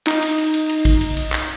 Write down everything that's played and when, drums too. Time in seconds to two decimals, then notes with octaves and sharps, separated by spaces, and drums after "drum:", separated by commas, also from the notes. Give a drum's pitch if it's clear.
0.07 D#4, drum: clap
0.22 drum: cymbal
0.38 drum: cymbal
0.54 drum: cymbal
0.69 drum: cymbal
0.85 drum: kick A#1, cymbal
1.01 drum: cymbal
1.17 drum: cymbal
1.32 drum: clap